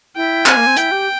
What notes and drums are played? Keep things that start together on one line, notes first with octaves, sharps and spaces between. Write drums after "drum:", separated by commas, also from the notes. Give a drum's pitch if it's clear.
E4 G5
C4 G#5, drum: clap
A#3
C4
E4 G5, drum: hi-hat
G4